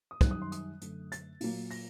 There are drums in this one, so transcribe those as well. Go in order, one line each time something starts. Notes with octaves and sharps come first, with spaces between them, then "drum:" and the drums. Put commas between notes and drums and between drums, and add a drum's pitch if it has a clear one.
D#6
F#2 D#3 G3 F#6, drum: kick, hi-hat
D#6
C6
D#6, drum: hi-hat
F#2 D3 A3, drum: hi-hat
A6, drum: hi-hat
A#2 F#3 A#3, drum: open hi-hat
A#6, drum: open hi-hat